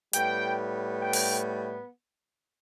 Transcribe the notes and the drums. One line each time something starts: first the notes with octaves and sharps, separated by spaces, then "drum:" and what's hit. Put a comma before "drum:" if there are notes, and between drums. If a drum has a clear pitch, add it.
A2 G3 B3 G5, drum: hi-hat
G5
drum: open hi-hat